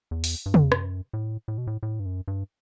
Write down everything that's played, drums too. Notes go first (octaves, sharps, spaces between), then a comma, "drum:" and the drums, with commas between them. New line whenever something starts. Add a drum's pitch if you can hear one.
E2
drum: open hi-hat
G2
F#2, drum: tom
E2
F#2, drum: rim click
A2
A2
B2
A2
A2
G2
F#2
G2